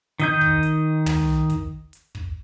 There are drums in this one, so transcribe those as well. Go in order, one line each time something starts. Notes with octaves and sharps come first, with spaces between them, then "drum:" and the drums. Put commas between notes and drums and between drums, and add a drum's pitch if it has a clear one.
D#3 D#5 G6, drum: hi-hat
drum: kick
drum: hi-hat
drum: tom
drum: kick, hi-hat
drum: hi-hat
drum: kick